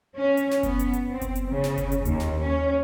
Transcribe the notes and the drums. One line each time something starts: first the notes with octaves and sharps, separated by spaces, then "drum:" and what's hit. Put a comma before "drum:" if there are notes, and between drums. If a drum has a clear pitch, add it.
C#4
drum: hi-hat
drum: snare
B3, drum: kick F#1, hi-hat
drum: hi-hat
drum: hi-hat
C4
drum: kick F#1, hi-hat
drum: hi-hat
C#3
drum: snare
drum: kick F#1, hi-hat
drum: hi-hat
D#2, drum: hi-hat
drum: snare
C#4